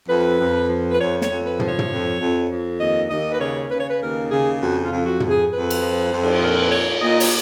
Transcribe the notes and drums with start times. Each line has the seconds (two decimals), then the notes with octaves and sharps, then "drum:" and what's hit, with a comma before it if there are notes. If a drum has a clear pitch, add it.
0.09 F2 B4
0.39 F2
0.69 F3
0.91 B4
0.98 F2 C#5
1.22 C#5, drum: snare
1.29 F2
1.45 B4
1.60 F3, drum: tom
1.67 C#5
1.79 drum: tom
1.90 F2
2.19 F2
2.50 F2
2.79 D#2 D#5
3.09 D#2 D#5
3.32 B4
3.40 C#3 C#5
3.69 C#3 B4
3.79 C#5
3.88 B4
4.00 D#2 A#4
4.30 C#3 G#4
4.60 F2 F#4
4.84 F4
4.91 F2
5.06 F#4
5.20 F2, drum: tom
5.28 G#4
5.51 F2 B4
5.71 drum: cymbal
5.81 F3
6.11 F2
6.23 drum: cymbal
6.41 A#2 A#4
6.62 B4
6.71 A#2 C#5
7.01 A#2 D#5
7.20 C#5, drum: open hi-hat